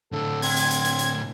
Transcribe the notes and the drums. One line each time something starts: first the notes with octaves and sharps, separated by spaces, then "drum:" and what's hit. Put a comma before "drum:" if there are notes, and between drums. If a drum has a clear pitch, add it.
A2 D3 A4
C4 G#6, drum: open hi-hat
drum: hi-hat
drum: hi-hat
drum: hi-hat
drum: hi-hat